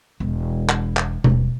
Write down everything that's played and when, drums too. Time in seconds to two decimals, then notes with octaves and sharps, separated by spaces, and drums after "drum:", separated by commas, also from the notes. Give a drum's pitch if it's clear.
0.20 E1
0.69 drum: clap
0.97 drum: clap
1.24 D#1, drum: tom B2